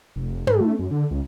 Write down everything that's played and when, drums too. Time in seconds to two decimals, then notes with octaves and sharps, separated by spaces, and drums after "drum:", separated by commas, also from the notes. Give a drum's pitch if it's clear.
0.16 F1
0.47 G#2, drum: tom
0.61 A3
0.79 F#2
0.91 D3
1.11 C#2